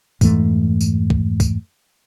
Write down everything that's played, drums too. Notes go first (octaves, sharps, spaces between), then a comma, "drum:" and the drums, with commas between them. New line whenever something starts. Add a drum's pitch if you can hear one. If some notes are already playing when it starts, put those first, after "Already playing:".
F2 G#2 E3 A3, drum: kick, tambourine
drum: tambourine
drum: kick
drum: kick, tambourine